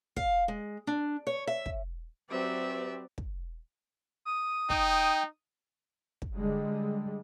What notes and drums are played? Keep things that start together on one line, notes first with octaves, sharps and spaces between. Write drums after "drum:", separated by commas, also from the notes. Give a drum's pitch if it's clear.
F5, drum: kick
G#3
D4
C#5
E5
drum: kick
F#3 C4 G4 B4 C5 D5 E5
drum: kick
D#6
D#4 G5, drum: kick
drum: kick
D3 G3 G#3